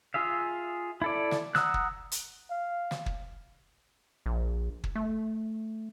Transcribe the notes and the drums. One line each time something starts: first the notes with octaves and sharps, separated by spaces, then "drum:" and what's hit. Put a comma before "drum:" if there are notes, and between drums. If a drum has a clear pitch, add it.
F4 G#4 E5 F5
E4 A4 D5
drum: snare
F#5 A#5 D#6 E6 F#6, drum: snare
drum: kick
drum: hi-hat
F5
drum: snare
drum: kick
A#1
drum: kick
A3